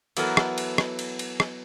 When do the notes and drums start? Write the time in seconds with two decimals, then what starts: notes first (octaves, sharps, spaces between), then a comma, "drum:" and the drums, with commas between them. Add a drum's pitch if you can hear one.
0.17 E3 F#3 B3 A4 A#4, drum: cymbal
0.37 drum: rim click
0.58 drum: cymbal
0.78 drum: rim click
0.99 drum: cymbal
1.19 drum: cymbal
1.40 drum: rim click